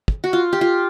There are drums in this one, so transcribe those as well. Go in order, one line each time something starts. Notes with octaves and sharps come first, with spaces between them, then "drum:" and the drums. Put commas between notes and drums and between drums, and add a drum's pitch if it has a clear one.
drum: kick
F#4
F4
G4
F4